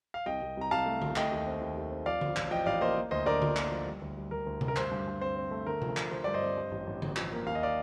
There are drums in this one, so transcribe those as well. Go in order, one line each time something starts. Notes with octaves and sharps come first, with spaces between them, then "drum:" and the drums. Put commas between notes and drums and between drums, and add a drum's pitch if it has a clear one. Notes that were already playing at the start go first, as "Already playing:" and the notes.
F5
C2 D#5 G5
C2
C2 A#5
C2 F5 A5
A3
C2, drum: tom D3
A3 D#5 G5, drum: clap
D#2
C4
D#2
D#2
C4
F3 D5 F5
F3, drum: tom D3
A1, drum: clap
F3 D#5 G5
A1 D5 F5
A#3 C5 D#5
A#3
D2 C5 D#5
D3 A#4 D5
D3, drum: tom D3
A#3, drum: clap
F3
G3
D2
G3
D2 A#4
D2
D2, drum: tom C3
A#4
G2 C5, drum: clap
G2
G2
C4 C5
C4
A3
D3 A#4
F3, drum: tom C3
F3, drum: clap
F3 C5
G2 D5
C5 D#5
C4
G2
A1
A1
A1, drum: tom D3
F3, drum: clap
A#3
D#2 F5
D#5
D5 F5